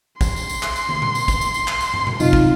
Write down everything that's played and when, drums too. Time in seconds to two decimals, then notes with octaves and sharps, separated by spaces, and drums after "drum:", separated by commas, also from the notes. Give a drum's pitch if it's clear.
0.21 C6, drum: kick, tambourine
0.36 drum: tambourine
0.49 drum: tambourine
0.63 drum: clap
0.76 drum: tambourine
0.89 drum: tom
1.02 drum: tom A#2
1.15 drum: tambourine
1.28 drum: kick, tambourine
1.41 drum: tambourine
1.54 drum: tambourine
1.67 drum: clap
1.81 drum: tambourine
1.94 drum: tom
2.07 drum: tom A#2
2.20 F#2 C3 D#4 F4, drum: tambourine
2.33 drum: kick